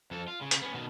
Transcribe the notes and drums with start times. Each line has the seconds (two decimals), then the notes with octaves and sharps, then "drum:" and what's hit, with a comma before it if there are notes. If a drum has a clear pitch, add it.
0.11 F2 A4
0.28 F4
0.41 C#3
0.51 drum: hi-hat
0.62 B3 C#4
0.74 B2 D#3